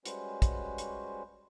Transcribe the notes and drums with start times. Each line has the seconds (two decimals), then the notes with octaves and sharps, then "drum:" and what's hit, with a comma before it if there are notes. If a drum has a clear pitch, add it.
0.06 G3 G#3 C#4 F#4 B4 C5, drum: hi-hat
0.42 drum: kick, hi-hat
0.78 drum: hi-hat